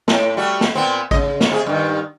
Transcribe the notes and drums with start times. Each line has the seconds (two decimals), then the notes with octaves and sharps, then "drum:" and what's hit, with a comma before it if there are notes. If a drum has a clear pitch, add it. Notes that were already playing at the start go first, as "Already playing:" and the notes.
0.08 A2, drum: snare
0.37 G3 A3 F#4
0.61 drum: snare
0.75 A#2 B3 C4
1.11 C#3 D#5, drum: kick A1
1.40 drum: snare
1.50 C3 F4 G#4
1.66 G2 D#3